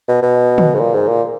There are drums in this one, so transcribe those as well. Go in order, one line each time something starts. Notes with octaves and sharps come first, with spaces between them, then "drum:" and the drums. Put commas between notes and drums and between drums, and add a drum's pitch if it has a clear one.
B2
B2
drum: tom
G#2
A#2
G#2
A#2